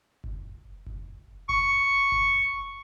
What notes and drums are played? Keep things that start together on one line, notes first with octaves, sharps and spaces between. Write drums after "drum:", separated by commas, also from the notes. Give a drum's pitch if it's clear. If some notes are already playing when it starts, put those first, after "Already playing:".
drum: kick F#1
drum: kick F#1
C#6, drum: kick F#1
drum: kick F#1